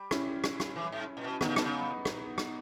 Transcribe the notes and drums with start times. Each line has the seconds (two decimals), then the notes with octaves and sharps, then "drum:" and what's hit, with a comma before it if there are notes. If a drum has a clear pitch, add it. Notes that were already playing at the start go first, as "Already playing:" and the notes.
Already playing: G3
0.11 C#4 E4, drum: rim click
0.44 drum: rim click
0.60 drum: rim click
0.76 E3
0.92 G#2
1.17 A#2
1.24 B2
1.41 D#3 B3 D#4, drum: rim click
1.48 C#3
1.56 B2, drum: rim click
1.64 C#3
2.05 drum: rim click
2.38 drum: rim click